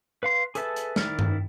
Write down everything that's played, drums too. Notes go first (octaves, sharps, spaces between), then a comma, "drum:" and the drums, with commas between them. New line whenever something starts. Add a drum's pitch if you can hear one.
B4 F5 C6
G#4 A4 B4 E5 A5, drum: hi-hat
drum: hi-hat
D#3 E4 D5 F6, drum: snare
drum: tom G2